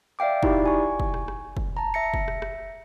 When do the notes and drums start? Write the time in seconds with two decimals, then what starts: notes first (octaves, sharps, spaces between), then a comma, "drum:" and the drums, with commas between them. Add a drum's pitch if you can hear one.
0.19 D5 E5 F5 G5 D6
0.43 D#4 E4 F#4 G4 D5, drum: kick
0.66 G#5 C#6
1.00 drum: kick
1.14 drum: rim click
1.28 drum: rim click
1.57 drum: kick
1.77 A5 A#5
1.94 E5 A#6 C#7
2.14 drum: kick
2.28 drum: rim click
2.42 drum: rim click